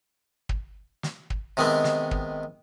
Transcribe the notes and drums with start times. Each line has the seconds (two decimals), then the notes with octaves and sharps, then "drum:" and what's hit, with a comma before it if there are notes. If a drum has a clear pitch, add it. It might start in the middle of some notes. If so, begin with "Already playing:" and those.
0.49 drum: kick
1.03 drum: snare
1.30 drum: kick
1.57 C3 D#3 G#3 B3 C4
1.84 drum: snare
2.11 drum: kick